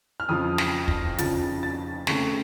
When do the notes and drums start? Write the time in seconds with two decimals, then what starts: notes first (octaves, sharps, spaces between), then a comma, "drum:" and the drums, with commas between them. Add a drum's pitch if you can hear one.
0.20 F6
0.29 F2 C#3 F3 D#6
0.58 A#6, drum: snare
0.88 A#6, drum: kick
1.18 F2 C#3 F3 A6, drum: hi-hat
1.63 A6
2.07 C#3 A3 C4 C#6, drum: snare